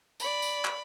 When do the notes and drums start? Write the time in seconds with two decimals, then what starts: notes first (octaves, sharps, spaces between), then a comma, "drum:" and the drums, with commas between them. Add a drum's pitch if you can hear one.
0.20 D5 B5, drum: tambourine
0.42 drum: tambourine
0.65 drum: clap